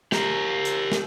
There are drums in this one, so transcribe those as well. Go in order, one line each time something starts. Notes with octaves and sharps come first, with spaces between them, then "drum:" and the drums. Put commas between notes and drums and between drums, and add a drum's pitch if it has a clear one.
G4 A#4, drum: snare
drum: hi-hat
drum: snare